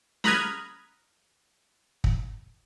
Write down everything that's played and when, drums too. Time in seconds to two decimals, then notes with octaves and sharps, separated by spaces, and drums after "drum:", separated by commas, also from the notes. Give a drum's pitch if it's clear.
0.24 A#5 B5 D#6 F6 F#6 G#6, drum: snare
2.04 drum: kick